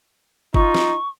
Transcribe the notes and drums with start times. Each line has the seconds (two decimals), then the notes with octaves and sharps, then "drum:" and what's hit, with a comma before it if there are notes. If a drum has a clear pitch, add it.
0.54 D#4 F4 C#6, drum: kick G1
0.75 drum: snare